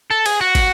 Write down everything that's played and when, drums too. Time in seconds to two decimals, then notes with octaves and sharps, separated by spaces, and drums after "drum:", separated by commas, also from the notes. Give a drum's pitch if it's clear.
0.11 A4
0.26 G#4, drum: cymbal
0.41 F#4
0.55 drum: kick, cymbal